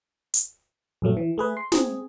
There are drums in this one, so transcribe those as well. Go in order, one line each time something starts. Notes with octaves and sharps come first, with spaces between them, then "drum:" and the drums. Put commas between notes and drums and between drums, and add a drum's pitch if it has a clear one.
drum: hi-hat
A#1 F#2 F#3 A3
E3
A3 G#4 B4
C6
C4 G#4, drum: snare